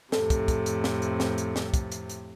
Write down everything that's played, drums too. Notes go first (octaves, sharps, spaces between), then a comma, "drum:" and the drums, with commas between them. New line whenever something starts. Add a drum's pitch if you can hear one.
F2 A2 C3 A4, drum: snare
drum: kick, hi-hat
drum: kick, hi-hat
drum: hi-hat
drum: snare
drum: hi-hat
drum: snare
drum: hi-hat
drum: snare
drum: kick, hi-hat
drum: hi-hat
drum: hi-hat